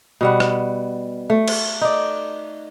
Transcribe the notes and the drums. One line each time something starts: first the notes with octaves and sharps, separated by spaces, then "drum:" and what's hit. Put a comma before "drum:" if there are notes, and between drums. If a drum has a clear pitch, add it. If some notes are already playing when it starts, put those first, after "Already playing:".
B2 G3 F#5
drum: rim click
A3
drum: cymbal
D#4 D5